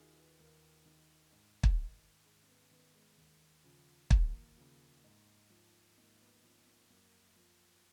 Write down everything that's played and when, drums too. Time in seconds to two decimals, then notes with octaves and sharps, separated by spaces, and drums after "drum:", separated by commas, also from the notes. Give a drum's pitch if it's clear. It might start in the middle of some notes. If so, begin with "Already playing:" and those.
Already playing: D#2 D#3 F4 F#4 G#4
0.16 B4
0.40 D#2 A#4
0.85 D#3
1.33 G#2
1.63 drum: kick
1.80 D#3
2.26 G#2 G#4
2.42 C#4
2.48 B3
2.71 D#3 B3
2.95 G#3
3.18 D#2
3.64 C#3 F3
4.11 D#2 A#3, drum: kick
4.58 C#3 F3
5.04 G#2
5.50 F3
5.97 G#2 A#3
6.20 B3
6.44 F3 C#4
6.66 A#3
6.90 F#2 A#3
7.36 F3